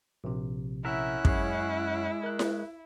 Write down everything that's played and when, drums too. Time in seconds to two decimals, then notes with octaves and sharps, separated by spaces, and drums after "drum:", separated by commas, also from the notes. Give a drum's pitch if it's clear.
0.24 A#1 C3
0.85 C#4 E4 A#4 E5 F#5 F#6
1.25 F#2 G#3 G#4 C#5, drum: kick
2.24 A#4 F#6
2.39 drum: snare E4